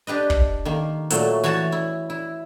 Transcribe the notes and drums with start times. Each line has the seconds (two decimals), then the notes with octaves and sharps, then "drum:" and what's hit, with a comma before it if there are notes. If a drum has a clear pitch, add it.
0.07 D4 G4 B4 D#5
0.30 drum: kick
0.65 D#3 A#3
1.10 A#2 F#3 A3, drum: hi-hat
1.44 E3 F#4 C#5 F#5 A5
1.72 E4
2.10 E4